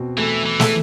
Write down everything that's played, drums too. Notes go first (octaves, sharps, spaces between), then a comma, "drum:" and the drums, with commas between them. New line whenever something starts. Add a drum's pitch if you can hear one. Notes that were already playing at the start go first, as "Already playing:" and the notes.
Already playing: B2 C4
E3 A3
E3
A3, drum: snare